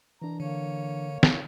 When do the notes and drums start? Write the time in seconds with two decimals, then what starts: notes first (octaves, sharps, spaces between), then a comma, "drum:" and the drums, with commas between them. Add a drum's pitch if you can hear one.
0.22 E3 D4 A#5
0.40 D3 A#3 C#5
1.23 drum: snare